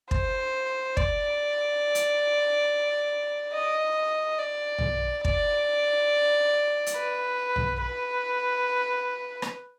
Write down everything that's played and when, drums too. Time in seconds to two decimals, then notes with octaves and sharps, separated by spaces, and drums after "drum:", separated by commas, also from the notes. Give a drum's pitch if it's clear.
0.11 C5, drum: kick
0.97 D5, drum: kick
1.95 drum: hi-hat
3.54 D#5
4.39 D5
4.78 drum: tom B1
5.25 D5, drum: kick
6.86 drum: hi-hat
6.96 B4
7.56 drum: tom B1
7.81 B4
9.42 drum: rim click